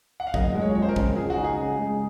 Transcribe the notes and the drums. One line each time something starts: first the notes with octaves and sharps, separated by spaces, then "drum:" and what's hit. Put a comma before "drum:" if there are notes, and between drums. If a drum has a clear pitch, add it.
F#5
F5
F#1 D#5, drum: kick
G#3
C#5
F2 C#5
C5
A#4
C#3, drum: kick
C#2 G#4
F#4
D#4
G#4
C#3
G#3